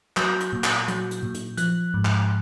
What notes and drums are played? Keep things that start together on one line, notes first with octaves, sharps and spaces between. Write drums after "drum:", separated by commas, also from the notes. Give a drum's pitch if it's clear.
F#3 G6, drum: clap
drum: hi-hat
A#2
drum: clap
F#3, drum: hi-hat
drum: hi-hat
A#2
drum: hi-hat
F3 F#6, drum: hi-hat
G#2
drum: clap